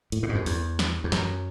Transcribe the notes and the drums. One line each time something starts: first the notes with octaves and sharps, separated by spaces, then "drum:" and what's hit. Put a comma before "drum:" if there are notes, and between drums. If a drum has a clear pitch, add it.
A2, drum: hi-hat
A2
G#2
F#2
E2, drum: open hi-hat
drum: snare
E2
F#2, drum: snare